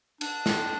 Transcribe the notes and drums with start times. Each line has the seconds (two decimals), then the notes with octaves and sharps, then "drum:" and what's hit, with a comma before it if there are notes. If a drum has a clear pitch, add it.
0.21 D4, drum: cymbal
0.46 drum: snare